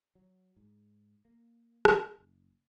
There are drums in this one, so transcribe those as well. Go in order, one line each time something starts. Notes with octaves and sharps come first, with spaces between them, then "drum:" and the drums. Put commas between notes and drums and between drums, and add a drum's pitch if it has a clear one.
F#3
G#2
A#3
drum: rim click
F#1